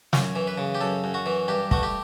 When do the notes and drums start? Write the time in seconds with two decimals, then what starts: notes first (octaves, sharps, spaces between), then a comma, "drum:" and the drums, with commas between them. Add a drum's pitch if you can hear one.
0.13 F#2 C#5, drum: snare
0.36 E3
0.47 B4
0.58 C#3
0.75 G4
0.81 F#2 A4
1.04 F#2
1.14 F#4
1.26 E3
1.48 G2 G4
1.71 A3 F#4, drum: kick
1.83 G4